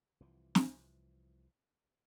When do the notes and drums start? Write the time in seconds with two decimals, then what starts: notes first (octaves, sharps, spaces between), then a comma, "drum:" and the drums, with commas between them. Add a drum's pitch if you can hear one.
0.20 C2 E3 F3
0.55 drum: snare